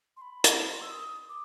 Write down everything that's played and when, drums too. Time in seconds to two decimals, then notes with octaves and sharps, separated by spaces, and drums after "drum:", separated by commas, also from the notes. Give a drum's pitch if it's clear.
0.17 C6
0.22 B5
0.44 drum: hi-hat
0.73 C6
0.82 E6
0.91 D#6
1.29 D6